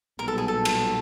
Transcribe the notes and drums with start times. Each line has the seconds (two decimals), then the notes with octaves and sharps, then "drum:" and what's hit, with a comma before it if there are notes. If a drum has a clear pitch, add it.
0.18 B1 A#2 G3 B3 A#4
0.28 A4
0.38 G#4
0.48 A4
0.65 drum: cymbal